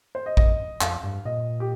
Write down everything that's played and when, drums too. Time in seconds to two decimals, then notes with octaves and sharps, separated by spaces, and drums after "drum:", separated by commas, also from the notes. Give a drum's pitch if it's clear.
0.15 C5
0.26 D#5
0.37 F2 D#5, drum: kick A1
0.81 F2 F5, drum: clap
1.04 G2
1.25 A#2 D#5
1.60 G4